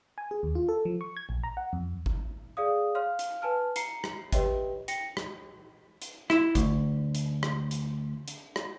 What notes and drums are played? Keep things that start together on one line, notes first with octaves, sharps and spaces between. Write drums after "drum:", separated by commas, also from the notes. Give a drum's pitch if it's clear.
G#5
G#4
D#2
F4
A4
F3
C#6
G#6
A#1
A#5
F#5
F2
drum: kick G#1
G#4 D5 F5 D#6
C#5 F5 C6 F6
drum: hi-hat
B4 G#5 A5 F6
A#5 C7 C#7, drum: hi-hat
drum: rim click
G4 B4 C#5 D#5 E5 G5, drum: kick G#1, hi-hat
G5 A#6 C#7, drum: hi-hat
drum: rim click
drum: hi-hat
E4, drum: rim click
D2, drum: kick G#1, hi-hat
drum: hi-hat
drum: rim click
drum: hi-hat
drum: hi-hat
drum: rim click